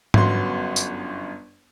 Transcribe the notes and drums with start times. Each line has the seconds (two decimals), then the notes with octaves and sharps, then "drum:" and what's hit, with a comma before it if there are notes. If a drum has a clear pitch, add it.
0.14 G1 F#2 B3 F#4 C6, drum: tom G#2
0.76 drum: tambourine